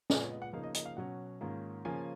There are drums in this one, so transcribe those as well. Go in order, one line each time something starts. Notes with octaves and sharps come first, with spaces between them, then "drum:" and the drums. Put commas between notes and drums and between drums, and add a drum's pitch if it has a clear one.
A#2 G#3 B3 D#5, drum: snare
C#5
D#5
F#5
C#3 F3 A#3 D#4 F5
D#5
D#5, drum: hi-hat
F5
B2 F#3 C#4 F#5
G#2 D#3 A#3 C#4 F4
C#3 F3 A#3 C#4 F4 G#5